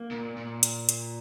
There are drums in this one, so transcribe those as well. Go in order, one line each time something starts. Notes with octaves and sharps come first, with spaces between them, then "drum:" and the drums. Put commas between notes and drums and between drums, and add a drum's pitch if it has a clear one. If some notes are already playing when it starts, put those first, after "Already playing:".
Already playing: A#3
A#2
A#2
drum: hi-hat
drum: hi-hat